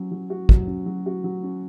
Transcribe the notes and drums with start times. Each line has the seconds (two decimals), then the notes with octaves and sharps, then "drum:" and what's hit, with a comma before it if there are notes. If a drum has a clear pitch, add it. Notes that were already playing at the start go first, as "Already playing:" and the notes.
Already playing: F#3 C#4
0.11 F#3
0.30 F#4
0.49 F#3, drum: kick
0.67 C#4
0.86 F#3
1.06 F#4
1.24 F#3
1.43 C#4